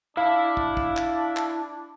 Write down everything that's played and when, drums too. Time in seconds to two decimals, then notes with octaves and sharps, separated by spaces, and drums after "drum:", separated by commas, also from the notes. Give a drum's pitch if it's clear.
0.17 D4 E4 E5 F5
0.57 drum: kick
0.77 drum: kick
0.97 drum: clap
1.37 drum: clap